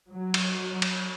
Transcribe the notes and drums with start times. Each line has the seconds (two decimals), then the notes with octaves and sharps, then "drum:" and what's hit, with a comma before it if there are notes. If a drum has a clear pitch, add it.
0.10 F#3
0.34 drum: cymbal
0.82 drum: cymbal